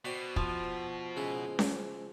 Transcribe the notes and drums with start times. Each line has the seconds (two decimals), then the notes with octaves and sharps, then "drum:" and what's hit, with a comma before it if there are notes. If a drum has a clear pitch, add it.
0.05 B2 F#4 C5 D5 G5
0.36 F3, drum: kick
1.16 C#3 G#3 E4
1.59 drum: snare C#4